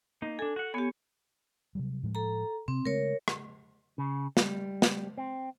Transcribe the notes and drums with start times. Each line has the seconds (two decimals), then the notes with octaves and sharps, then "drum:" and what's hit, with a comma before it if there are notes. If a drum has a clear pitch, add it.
0.22 A#3 D#4
0.39 D4 A4 G#5
0.56 F#4 F#5
0.74 B3 G4 C#5 G#5 C#6
1.75 C3 F#3 G3
2.03 A2 F3 G#3
2.15 A4 A#5
2.68 C3 C4
2.85 C#3 G#3 A3 A#4 C#5
3.28 drum: rim click
3.98 C#3
4.37 G3, drum: snare
4.82 drum: snare
5.18 C4